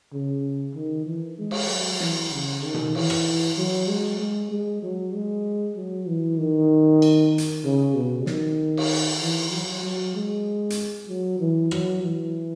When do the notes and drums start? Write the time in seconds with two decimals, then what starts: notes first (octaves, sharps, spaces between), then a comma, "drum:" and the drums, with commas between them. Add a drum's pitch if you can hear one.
0.13 C#3
0.75 D#3
1.06 E3
1.38 G#3
1.51 drum: cymbal
1.70 F#3
2.00 E3, drum: snare
2.32 C#3
2.64 D#3
2.74 drum: tom B2
2.95 E3, drum: cymbal
3.10 drum: rim click
3.57 F#3
3.89 G#3
4.20 G#3
4.51 G#3
4.82 F#3
5.14 G#3
5.76 F#3
6.08 E3
6.39 D#3
7.02 drum: cymbal
7.38 drum: hi-hat
7.64 C#3
7.95 B2
8.26 D#3, drum: snare
8.77 drum: cymbal
9.21 E3
9.52 F#3
9.83 F#3
10.15 G#3
10.70 drum: hi-hat
11.08 F#3
11.39 E3
11.71 F#3, drum: rim click
12.02 E3